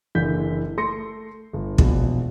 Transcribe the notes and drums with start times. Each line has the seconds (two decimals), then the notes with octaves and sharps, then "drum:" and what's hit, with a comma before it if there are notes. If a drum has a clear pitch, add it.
0.15 F#1 D3 E3 G6 B6
0.77 A3 C6 A#6 C#7
1.53 G1
1.78 E1 A#1 B2, drum: kick